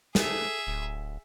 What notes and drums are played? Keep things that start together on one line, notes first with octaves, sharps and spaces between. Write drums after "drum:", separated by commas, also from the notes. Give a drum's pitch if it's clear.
G#4 A4 E5, drum: snare
D1